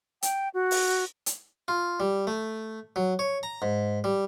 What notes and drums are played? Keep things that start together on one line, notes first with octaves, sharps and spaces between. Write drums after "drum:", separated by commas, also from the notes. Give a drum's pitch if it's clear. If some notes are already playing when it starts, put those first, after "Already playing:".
G5, drum: hi-hat
F#4
drum: open hi-hat
drum: hi-hat
F4
G3
A3
F#3
C#5
A#5
G#2
G3